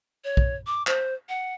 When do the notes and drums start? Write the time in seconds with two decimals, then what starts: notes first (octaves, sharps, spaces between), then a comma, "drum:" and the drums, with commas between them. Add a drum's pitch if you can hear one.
0.24 C#5
0.37 drum: kick
0.67 D6
0.87 C5, drum: clap
1.29 F#5